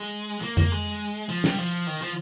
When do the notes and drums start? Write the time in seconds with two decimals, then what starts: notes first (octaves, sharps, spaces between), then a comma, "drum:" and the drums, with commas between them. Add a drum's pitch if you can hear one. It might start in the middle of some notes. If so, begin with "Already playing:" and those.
Already playing: G#3
0.43 A#3
0.57 A#3, drum: tom F2
0.72 G#3
1.29 F3
1.44 G3, drum: snare
1.58 F3
1.87 D#3
2.02 F3